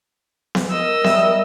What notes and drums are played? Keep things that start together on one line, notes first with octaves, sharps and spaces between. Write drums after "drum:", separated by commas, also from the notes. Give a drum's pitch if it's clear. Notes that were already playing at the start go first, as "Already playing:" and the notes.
drum: snare B3
A#4 D#5 E6
G3 E5, drum: snare B3